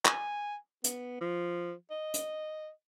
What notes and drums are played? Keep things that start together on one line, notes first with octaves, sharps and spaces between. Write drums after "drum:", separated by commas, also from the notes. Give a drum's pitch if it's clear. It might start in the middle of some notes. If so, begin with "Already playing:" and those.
G#5, drum: clap
B3, drum: hi-hat
F3
D#5
drum: hi-hat